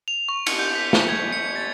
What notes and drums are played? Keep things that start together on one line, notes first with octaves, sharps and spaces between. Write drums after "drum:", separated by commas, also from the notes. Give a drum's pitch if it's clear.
F7
C#6
C#7, drum: cymbal
G6
B6
drum: snare
G#6
C#7
A6